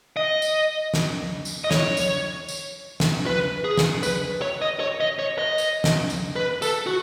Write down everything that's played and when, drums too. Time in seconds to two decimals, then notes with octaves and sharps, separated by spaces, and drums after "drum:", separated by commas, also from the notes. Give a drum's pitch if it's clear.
0.17 D#5
0.42 drum: tambourine
0.94 drum: snare
1.45 drum: tambourine
1.64 D#5
1.71 C#5, drum: snare
1.97 drum: tambourine
2.48 drum: tambourine
3.00 drum: snare
3.26 B4
3.64 G#4
3.77 drum: snare
4.03 B4, drum: tambourine
4.42 C#5
4.62 D#5
4.80 C#5
5.00 D#5
5.19 C#5
5.39 D#5
5.58 drum: tambourine
5.84 drum: snare
6.10 drum: tambourine
6.36 B4
6.62 A4, drum: tambourine
6.87 F#4